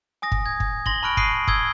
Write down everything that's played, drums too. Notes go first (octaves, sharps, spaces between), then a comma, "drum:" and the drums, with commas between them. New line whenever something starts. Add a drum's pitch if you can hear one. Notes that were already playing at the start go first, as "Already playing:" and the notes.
G#5 D#6 A#6
drum: kick
G#6
drum: kick
C6 A#6 F#7 G7, drum: kick
A5 B5 C#6 F6 F#6 D7
C#6 D#6 F#6 C7 D7 D#7, drum: kick
D#6 E6 G#6 G7, drum: kick